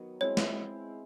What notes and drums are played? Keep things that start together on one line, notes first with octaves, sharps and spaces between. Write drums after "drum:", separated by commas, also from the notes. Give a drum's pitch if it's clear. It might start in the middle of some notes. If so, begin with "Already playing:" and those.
Already playing: D#3 F#3 B3
G#3 C4 E4 C#5
drum: snare